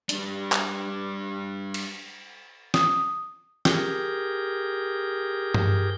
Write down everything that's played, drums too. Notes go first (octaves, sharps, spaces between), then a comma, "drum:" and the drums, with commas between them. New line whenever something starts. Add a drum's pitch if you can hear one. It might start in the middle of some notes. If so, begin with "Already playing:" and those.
G3 D4, drum: hi-hat
drum: clap
drum: cymbal
D#6, drum: snare
G4 G#4 A#4 G6, drum: snare
drum: tom G2